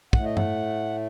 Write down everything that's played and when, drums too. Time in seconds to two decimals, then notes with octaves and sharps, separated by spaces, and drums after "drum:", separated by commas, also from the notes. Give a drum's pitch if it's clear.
0.13 A2 A3 F#5, drum: kick
0.25 D#5
0.37 F#5, drum: tom G2